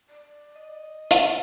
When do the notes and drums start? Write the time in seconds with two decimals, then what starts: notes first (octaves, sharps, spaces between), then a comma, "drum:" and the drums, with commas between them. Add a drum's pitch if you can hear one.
0.09 D5
0.56 D#5
1.11 drum: hi-hat